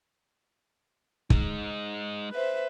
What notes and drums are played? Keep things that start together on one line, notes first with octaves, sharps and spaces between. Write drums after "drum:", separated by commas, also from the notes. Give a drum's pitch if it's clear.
G#3 D#4, drum: kick
B4 C5 E5